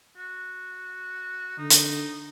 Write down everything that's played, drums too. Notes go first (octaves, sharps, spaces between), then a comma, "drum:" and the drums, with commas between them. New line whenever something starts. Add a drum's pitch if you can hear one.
F#4
D3 D#4
drum: hi-hat